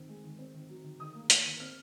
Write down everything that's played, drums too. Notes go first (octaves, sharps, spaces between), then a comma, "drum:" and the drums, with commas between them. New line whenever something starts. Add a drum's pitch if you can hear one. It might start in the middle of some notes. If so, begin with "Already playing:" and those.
Already playing: D#3 C4
G#3
D#3
C4
D#3
F#3
D#3
D#3 D#6
A#3
A#3, drum: hi-hat
D#3
C4 F6